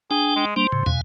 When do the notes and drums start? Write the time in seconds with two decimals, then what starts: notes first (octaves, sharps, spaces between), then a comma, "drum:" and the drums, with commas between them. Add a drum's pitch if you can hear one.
0.11 D4 G#4 G5
0.36 G#3
0.56 G3 A#3 D4 C5
0.72 A2 C#3
0.86 B2 F5 G#5, drum: tom